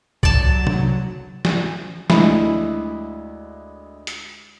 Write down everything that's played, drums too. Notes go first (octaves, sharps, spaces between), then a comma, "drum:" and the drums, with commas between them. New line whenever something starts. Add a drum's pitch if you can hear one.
F#3 D5 A5, drum: kick C2
drum: tom C3
drum: snare
D2 G#3 E4 E5 B5, drum: snare
drum: hi-hat